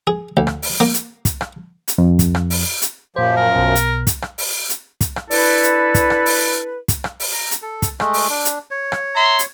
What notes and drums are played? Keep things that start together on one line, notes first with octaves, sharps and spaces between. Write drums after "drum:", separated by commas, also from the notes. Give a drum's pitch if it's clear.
G#4
D2
drum: rim click
drum: open hi-hat
A#3
drum: hi-hat
drum: kick, hi-hat
drum: rim click
drum: hi-hat
F2
drum: kick, hi-hat
drum: rim click
drum: open hi-hat
drum: hi-hat
F#2 A#2 F3 G4 C5 F5
A#4
B1 B2
drum: hi-hat
drum: kick, hi-hat
drum: rim click
drum: open hi-hat
drum: hi-hat
drum: kick, hi-hat
drum: rim click
D4 E4 A4 B4, drum: open hi-hat
drum: hi-hat
drum: kick, hi-hat
drum: rim click
drum: open hi-hat
drum: kick, hi-hat
drum: rim click
drum: open hi-hat
A#5
drum: hi-hat
A4
drum: kick, hi-hat
G#3 A3, drum: rim click
drum: open hi-hat
D4
drum: hi-hat
C#5
drum: rim click
E5 A#5 C6
drum: hi-hat